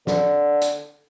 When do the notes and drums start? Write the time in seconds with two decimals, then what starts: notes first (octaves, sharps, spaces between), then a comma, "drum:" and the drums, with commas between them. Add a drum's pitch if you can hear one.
0.07 D3, drum: snare
0.61 drum: hi-hat